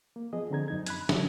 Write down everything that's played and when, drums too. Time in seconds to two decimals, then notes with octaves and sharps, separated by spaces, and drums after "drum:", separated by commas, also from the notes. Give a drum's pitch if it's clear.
0.16 A#3
0.33 F3 B3 G#4 D#5
0.51 D3 C4 A#5 G#6
0.68 F#2 D#4 G#6
0.86 B5 F#6 G#6, drum: hi-hat
1.09 A2 D3 D#3 F#3, drum: snare